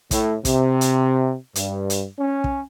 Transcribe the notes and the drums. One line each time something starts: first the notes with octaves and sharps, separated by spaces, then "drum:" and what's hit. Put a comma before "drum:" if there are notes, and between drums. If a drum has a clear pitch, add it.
A2, drum: kick, hi-hat
C3, drum: kick, hi-hat
drum: hi-hat
G2, drum: hi-hat
drum: hi-hat
C#4
drum: kick